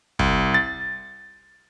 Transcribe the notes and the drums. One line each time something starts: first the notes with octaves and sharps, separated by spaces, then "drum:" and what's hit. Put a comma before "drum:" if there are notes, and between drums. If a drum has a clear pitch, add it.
C2, drum: kick
A6